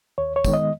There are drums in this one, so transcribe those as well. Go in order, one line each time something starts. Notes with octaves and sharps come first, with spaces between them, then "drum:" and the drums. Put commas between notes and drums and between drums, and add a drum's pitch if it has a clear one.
D#2 C#5
C#5
D#3 G#3 B3, drum: kick, tambourine
D#5